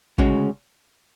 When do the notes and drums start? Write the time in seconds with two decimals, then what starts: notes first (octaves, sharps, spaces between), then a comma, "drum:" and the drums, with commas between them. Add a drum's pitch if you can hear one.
0.18 D2 C#3 G#3 C#4 F#4, drum: kick